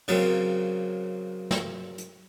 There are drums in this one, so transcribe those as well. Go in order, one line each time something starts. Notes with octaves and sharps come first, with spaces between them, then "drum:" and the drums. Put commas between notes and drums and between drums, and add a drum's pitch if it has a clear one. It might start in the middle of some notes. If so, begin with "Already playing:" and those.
C#3 F#3 A#3 C4, drum: cymbal
drum: snare
drum: hi-hat